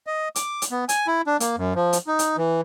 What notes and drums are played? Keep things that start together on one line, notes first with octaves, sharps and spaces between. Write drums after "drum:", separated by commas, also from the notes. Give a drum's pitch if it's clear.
D#5
D6, drum: hi-hat
drum: hi-hat
B3
G#5, drum: hi-hat
E4
D4
A#3, drum: hi-hat
F#2
F3
drum: hi-hat
D#4
drum: hi-hat
E3